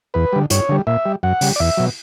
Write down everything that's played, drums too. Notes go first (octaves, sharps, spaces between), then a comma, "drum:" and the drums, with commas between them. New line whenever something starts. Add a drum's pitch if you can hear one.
E2 B4
D3 G3
G2 C#5, drum: hi-hat
D3 G3
A#2 E5
G3
F#2 F#5
C#3 G3, drum: open hi-hat
D5
E2 E5
B2 F#3